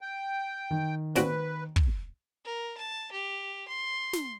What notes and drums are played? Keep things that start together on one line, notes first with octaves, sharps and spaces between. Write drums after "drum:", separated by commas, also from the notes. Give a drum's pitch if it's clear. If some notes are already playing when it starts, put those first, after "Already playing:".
G5
D#3
A#2 C4 F#4 B4, drum: snare
drum: kick
A#4
A5
G4
C6
drum: snare